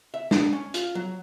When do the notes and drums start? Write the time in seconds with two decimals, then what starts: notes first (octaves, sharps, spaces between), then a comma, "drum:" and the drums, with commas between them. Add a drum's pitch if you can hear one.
0.14 E5
0.31 D4, drum: snare
0.53 C#4
0.74 F4, drum: hi-hat
0.95 F#3